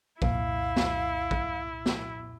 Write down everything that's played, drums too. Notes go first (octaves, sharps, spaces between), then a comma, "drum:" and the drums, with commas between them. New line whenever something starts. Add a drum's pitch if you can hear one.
C2 F2 A#2 E4 F5, drum: kick
drum: snare
drum: kick
drum: snare